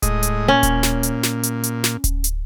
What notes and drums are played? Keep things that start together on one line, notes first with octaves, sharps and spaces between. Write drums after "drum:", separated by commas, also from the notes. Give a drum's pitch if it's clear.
A2 G#3 D#5, drum: kick D1, hi-hat
drum: hi-hat
A#2 C#4
drum: kick D1, hi-hat
drum: snare
drum: hi-hat
drum: snare
drum: hi-hat
drum: hi-hat
drum: snare
drum: kick D1, hi-hat
drum: hi-hat